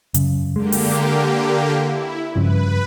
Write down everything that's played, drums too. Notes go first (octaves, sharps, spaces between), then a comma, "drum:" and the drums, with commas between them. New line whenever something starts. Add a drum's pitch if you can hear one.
F#2 C#3, drum: hi-hat
D3 G#3 A#3 G4
drum: open hi-hat
E4
G2 C#3 F3 B4